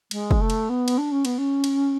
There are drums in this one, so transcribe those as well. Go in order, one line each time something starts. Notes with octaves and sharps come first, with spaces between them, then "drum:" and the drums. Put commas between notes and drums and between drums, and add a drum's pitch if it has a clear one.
G#3, drum: cymbal
drum: kick
A3
drum: cymbal
B3
drum: cymbal
D4
C#4
B3, drum: cymbal
C#4
drum: cymbal